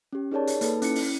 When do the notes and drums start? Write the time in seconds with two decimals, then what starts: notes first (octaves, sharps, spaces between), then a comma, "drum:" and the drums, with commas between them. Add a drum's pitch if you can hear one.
0.13 C#4 G4
0.31 D#4 G#4 A#4 C#5 D5 A5
0.47 drum: hi-hat
0.61 A#3 D#4 A4 B4 A5, drum: hi-hat
0.82 C#4 E4 C#7, drum: hi-hat
0.95 drum: open hi-hat